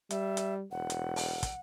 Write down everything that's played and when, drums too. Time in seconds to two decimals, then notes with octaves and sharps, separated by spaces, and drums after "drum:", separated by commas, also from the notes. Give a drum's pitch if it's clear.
0.11 G3 E5, drum: hi-hat
0.37 drum: hi-hat
0.71 E1 F#5
0.90 drum: hi-hat
1.16 drum: open hi-hat
1.43 drum: kick, hi-hat